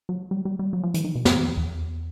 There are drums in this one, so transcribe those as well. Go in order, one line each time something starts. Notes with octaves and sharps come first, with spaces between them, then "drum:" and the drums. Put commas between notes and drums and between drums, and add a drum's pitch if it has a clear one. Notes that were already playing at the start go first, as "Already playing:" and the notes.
F#3
G3
G3
G3
F#3
F3
E3, drum: hi-hat
D#3
B2
F#2, drum: snare
E2
F2
E2